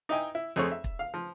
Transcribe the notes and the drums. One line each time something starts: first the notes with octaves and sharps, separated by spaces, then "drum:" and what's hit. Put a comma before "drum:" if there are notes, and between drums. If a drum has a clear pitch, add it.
D#4 E4 D#5 G5 G#5
E4
F2 A3 G#4 C5 C#5 C#6
E5
drum: kick
F5
F3